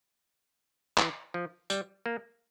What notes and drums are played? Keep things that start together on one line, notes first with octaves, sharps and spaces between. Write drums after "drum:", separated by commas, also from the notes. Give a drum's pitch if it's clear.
E3, drum: clap
F3
G3, drum: tambourine
A#3